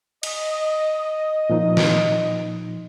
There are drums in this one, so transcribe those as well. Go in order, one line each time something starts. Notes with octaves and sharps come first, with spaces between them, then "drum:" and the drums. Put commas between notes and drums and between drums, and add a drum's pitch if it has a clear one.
D#5, drum: cymbal
A#2 F3 D#4
drum: snare